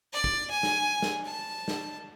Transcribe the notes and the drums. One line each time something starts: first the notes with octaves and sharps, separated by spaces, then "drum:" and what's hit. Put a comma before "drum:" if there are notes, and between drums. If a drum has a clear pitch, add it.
D5
drum: kick
G#5
drum: snare
drum: snare
A5
drum: snare